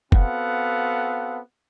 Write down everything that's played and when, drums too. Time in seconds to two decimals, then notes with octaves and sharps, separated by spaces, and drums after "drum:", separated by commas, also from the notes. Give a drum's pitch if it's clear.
0.12 B3 C4 F#4 A4 F5 F#5, drum: kick